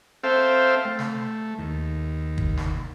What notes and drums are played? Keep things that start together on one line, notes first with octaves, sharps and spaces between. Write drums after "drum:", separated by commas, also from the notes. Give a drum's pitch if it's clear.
C4 A4 C5 E5 F5 G5
A3
drum: snare
D#2
drum: kick
drum: snare